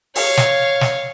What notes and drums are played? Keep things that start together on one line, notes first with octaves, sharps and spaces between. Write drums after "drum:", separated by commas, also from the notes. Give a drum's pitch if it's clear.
C#5 F5, drum: open hi-hat
drum: snare
drum: snare